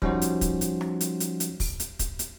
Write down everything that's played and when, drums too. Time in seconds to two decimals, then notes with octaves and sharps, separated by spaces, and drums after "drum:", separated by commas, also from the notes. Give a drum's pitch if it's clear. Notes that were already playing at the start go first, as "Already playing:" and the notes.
0.02 F3 G3 C#4 D#4 F#4 C5, drum: kick
0.22 drum: hi-hat
0.41 drum: kick, hi-hat
0.61 drum: hi-hat
0.81 drum: rim click
1.01 drum: hi-hat
1.20 drum: hi-hat
1.40 drum: hi-hat
1.60 drum: kick, open hi-hat
1.80 drum: hi-hat
1.99 drum: kick, hi-hat
2.19 drum: hi-hat